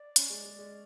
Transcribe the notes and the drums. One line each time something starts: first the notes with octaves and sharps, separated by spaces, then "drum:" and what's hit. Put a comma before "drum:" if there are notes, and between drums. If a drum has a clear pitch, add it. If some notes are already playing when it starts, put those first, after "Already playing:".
Already playing: D5
C#4, drum: hi-hat
G#3
G#3
G#3